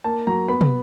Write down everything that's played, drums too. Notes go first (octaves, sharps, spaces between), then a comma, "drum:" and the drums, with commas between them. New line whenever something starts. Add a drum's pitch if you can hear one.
A#3 A5
F#3 A#5
B3 B5
drum: tom